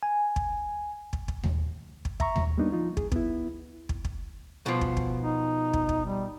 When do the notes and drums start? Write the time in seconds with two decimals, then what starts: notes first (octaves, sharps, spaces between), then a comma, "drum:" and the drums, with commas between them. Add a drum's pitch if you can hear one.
0.03 G#5
0.36 drum: kick
1.13 drum: kick
1.28 drum: kick
1.44 drum: tom D#2
2.05 drum: kick
2.20 E5 A#5 C#6, drum: kick
2.36 drum: tom D#2
2.58 G3 A#3 B3 D4 D#4
2.72 F3 D#4 F4
2.97 G#4, drum: kick
3.12 B3 E4, drum: kick
3.89 drum: kick
4.05 drum: kick
4.66 B2 F3
4.81 drum: kick
4.97 drum: kick
5.22 D#4
5.73 drum: kick
5.89 drum: kick
6.06 G3